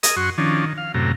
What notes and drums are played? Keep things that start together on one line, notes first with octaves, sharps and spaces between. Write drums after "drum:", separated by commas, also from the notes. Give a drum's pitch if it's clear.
G#4 A#4 D#5 D#6, drum: hi-hat
F#2 F#4 C6 C#6
D#3 F3 C#4 D4
D#3
F5
F#2 A2 C3 A#5